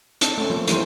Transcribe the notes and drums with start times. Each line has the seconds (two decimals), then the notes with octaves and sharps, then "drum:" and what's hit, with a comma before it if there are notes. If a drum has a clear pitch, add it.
0.21 C4 D4 D#4 A4, drum: hi-hat
0.38 A3 C#4
0.50 F3 A#3
0.68 E3 G3 A#3 C5, drum: hi-hat